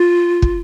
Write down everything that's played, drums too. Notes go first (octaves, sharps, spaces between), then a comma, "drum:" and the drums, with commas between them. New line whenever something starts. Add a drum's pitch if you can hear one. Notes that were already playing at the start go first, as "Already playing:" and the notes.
Already playing: F4
drum: kick